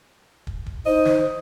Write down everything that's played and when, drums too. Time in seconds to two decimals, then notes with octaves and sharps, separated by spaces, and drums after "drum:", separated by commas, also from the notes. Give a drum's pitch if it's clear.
0.47 drum: kick
0.66 drum: kick
0.86 D#4 C5 D#5
1.05 drum: snare